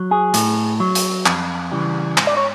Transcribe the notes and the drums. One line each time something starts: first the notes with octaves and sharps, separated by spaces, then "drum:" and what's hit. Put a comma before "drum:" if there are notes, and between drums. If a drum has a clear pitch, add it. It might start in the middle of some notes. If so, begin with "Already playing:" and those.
Already playing: F#3
G#4
A2, drum: hi-hat
F#3
drum: hi-hat
F2, drum: clap
C#3 E3 G3
G#2, drum: clap
D5
C#5